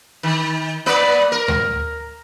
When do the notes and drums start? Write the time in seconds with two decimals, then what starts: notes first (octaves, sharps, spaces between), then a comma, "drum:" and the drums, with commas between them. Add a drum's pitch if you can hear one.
0.23 D#3
0.86 A#3 B4 D5
1.32 A#4
1.48 drum: tom D2